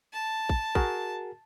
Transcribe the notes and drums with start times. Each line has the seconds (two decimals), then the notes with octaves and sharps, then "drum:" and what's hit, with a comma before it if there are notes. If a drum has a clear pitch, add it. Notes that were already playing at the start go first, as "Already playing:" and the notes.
0.13 A5
0.49 drum: kick
0.75 F#4 G#4 A#4, drum: kick